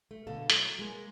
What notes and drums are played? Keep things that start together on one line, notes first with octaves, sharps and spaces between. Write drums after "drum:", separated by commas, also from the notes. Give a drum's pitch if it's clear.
A3
B2 D3 A3 A4 F5
F#3 E4, drum: hi-hat
G#3 A#3